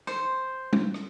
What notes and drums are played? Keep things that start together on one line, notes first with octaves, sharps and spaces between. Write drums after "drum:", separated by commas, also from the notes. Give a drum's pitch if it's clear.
C5, drum: rim click
drum: tom G3
drum: rim click